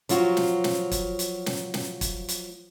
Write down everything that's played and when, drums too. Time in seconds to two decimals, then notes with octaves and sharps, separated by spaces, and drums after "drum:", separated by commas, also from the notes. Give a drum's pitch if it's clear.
0.09 F3 F#3 F4 F#4, drum: hi-hat
0.37 drum: snare
0.64 drum: snare
0.91 drum: kick, hi-hat
1.19 drum: hi-hat
1.46 drum: snare
1.74 drum: snare
2.01 drum: kick, hi-hat
2.29 drum: hi-hat